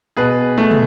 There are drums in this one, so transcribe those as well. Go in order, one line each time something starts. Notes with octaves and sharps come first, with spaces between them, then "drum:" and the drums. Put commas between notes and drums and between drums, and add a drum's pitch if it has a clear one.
B2 G#4 B4
A3
drum: tom